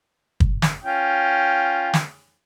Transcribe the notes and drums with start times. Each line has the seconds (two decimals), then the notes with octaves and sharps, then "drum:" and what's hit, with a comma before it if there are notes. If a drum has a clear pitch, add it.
0.40 drum: kick
0.62 drum: snare
0.84 C#4 F4 G5
1.94 drum: snare